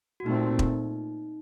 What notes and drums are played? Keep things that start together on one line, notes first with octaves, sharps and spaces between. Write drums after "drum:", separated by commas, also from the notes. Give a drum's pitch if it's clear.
F#4
A#2 A3 C4 D#4
drum: kick E1